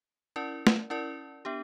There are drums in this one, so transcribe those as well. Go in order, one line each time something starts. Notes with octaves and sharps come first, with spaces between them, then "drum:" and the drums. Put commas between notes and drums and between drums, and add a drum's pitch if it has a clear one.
C#4 E4 A#4 D5
drum: snare A3
C#4 E4 A#4 D5
B3 D4 G4